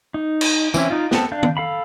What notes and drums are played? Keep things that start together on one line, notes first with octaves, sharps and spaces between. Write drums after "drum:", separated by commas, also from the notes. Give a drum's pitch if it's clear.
D#4
drum: cymbal
E3 C4 C#4 E4, drum: tambourine
D#4 F4
B3 C4 A4, drum: snare
D4 F5 G6
drum: tom
A4 F5 B5